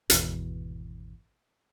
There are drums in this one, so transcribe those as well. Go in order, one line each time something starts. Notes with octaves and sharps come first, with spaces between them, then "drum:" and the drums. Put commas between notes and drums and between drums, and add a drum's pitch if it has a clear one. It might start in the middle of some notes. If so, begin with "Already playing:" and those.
G#1 E2 B2, drum: hi-hat